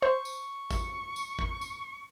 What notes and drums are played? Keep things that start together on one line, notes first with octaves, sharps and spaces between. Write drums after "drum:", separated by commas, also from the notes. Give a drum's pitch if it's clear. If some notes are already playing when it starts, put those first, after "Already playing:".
C5 C#6
drum: tambourine
drum: kick, tambourine
drum: tambourine
drum: kick
drum: tambourine